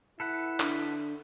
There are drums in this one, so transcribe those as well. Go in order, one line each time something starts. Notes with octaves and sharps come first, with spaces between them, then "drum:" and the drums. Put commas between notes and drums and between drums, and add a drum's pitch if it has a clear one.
E4 A4 B4 F#5
D3, drum: clap